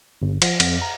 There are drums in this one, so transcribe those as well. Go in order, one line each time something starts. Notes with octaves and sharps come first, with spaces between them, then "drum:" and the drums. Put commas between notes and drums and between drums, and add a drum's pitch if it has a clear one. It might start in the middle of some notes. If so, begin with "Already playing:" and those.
G1
F3, drum: cymbal
F2, drum: cymbal
A#5